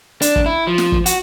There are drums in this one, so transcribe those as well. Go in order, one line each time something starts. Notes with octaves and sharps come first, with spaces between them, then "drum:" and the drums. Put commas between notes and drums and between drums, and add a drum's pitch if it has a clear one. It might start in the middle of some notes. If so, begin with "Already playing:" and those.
D4, drum: hi-hat
drum: kick
E4
F3
drum: snare
drum: kick
F#4, drum: hi-hat